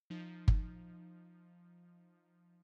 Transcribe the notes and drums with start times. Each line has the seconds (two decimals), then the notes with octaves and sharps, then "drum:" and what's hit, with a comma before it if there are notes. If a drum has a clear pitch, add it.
0.10 F3 D#4
0.48 drum: kick G1